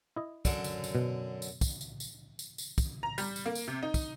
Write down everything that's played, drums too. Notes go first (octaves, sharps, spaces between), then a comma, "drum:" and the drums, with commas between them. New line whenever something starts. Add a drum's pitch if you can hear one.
E4 D#5
F#2 D3, drum: kick, tambourine
drum: tambourine
drum: tambourine
B2
drum: tambourine
drum: kick, tambourine
drum: tambourine
drum: tambourine
drum: tambourine
drum: tambourine
drum: kick, tambourine
A#5
G3, drum: tambourine
drum: tambourine
A#3
drum: tambourine
C3
D#4
drum: kick, tambourine